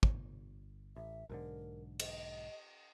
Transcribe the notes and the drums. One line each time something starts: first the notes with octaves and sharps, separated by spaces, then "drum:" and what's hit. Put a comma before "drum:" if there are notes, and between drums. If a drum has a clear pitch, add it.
G1, drum: kick
A1 E5
B1 G#2 D3 A#4
D#5, drum: cymbal